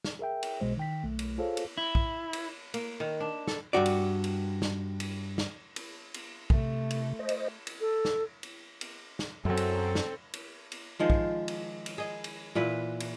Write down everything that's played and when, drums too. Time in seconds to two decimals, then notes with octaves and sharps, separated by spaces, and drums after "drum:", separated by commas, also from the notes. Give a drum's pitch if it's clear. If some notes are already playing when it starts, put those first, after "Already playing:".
0.04 drum: snare
0.19 G#4 A#4 E5 G5
0.43 drum: cymbal
0.61 B1 B2 G#3 C5
0.77 D#3 G5 B6
1.03 B1 A3
1.19 drum: cymbal
1.38 F4 G#4 A4 C5 C#5 F5
1.57 drum: cymbal
1.78 E4
1.95 drum: kick
2.33 drum: cymbal
2.74 A#3, drum: cymbal
3.00 D#3
3.20 D4
3.47 A4, drum: snare
3.73 G2 A#2 F#4 D5
3.86 drum: cymbal
4.24 drum: cymbal
4.62 drum: snare
5.00 drum: cymbal
5.38 drum: snare
5.76 drum: cymbal
6.14 drum: cymbal
6.50 C3 A3, drum: kick
6.90 drum: cymbal
7.19 C5 D#5
7.29 drum: cymbal
7.67 drum: cymbal
7.80 A4
8.05 drum: snare
8.43 drum: cymbal
8.81 drum: cymbal
9.19 drum: snare
9.45 F#2 F#3 C4 A4
9.57 drum: cymbal
9.95 drum: snare
10.33 drum: cymbal
10.72 drum: cymbal
10.99 D#3 F3 G#3
11.10 drum: kick
11.48 drum: cymbal
11.86 drum: cymbal
11.98 G#4 D#5
12.24 drum: cymbal
12.55 A#2 E3 B4 E5
13.00 drum: cymbal